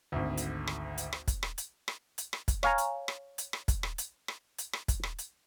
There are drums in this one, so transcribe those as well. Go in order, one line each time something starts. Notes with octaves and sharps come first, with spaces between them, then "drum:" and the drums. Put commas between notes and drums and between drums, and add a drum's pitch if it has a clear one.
G#1 D2
drum: hi-hat
drum: rim click
drum: hi-hat
drum: rim click
drum: kick, hi-hat
drum: rim click
drum: hi-hat
drum: rim click
drum: hi-hat
drum: rim click
drum: kick, hi-hat
C#5 F5 G#5 A#5, drum: rim click
drum: hi-hat
drum: rim click
drum: hi-hat
drum: rim click
drum: kick, hi-hat
drum: rim click
drum: hi-hat
drum: rim click
drum: hi-hat
drum: rim click
drum: kick, hi-hat
drum: rim click
drum: hi-hat